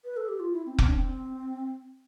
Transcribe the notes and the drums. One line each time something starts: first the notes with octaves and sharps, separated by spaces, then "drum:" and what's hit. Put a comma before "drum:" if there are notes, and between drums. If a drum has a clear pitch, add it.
B4
A4
G4
F4
E4
C4
C4, drum: kick F1
D4
C4